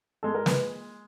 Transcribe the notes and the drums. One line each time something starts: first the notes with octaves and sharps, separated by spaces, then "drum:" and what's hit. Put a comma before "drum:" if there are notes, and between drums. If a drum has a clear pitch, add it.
G#3 A4
A#4
G#3 B4, drum: snare